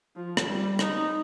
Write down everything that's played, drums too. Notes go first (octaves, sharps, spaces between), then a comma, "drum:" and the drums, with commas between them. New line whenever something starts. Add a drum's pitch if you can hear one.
F3
drum: rim click
G3
D#4, drum: rim click